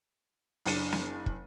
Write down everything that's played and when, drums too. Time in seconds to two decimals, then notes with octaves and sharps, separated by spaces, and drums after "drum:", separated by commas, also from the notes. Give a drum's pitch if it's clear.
0.66 F#1 D4 C#7 D#7, drum: open hi-hat
0.92 drum: snare
1.26 drum: kick